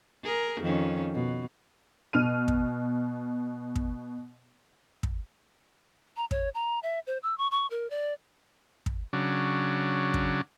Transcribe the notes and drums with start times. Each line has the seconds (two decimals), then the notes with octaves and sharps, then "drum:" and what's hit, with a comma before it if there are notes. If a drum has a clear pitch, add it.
0.24 G#4 A#4
0.61 F2 D#3 C#4
1.13 B2
2.13 B2 F6 D#7
2.48 drum: kick
3.76 drum: kick
5.03 drum: kick
6.17 A#5
6.31 C#5, drum: kick
6.55 A#5
6.83 E5
7.07 C5
7.23 E6
7.38 C#6
7.51 C#6
7.71 A#4
7.90 D5
8.86 drum: kick
9.13 C#3 F#3 D4
10.14 drum: kick